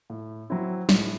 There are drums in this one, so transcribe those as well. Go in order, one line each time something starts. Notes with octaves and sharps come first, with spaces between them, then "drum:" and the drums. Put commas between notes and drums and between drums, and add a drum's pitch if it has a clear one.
A2
F#3 C4 E4
A2, drum: snare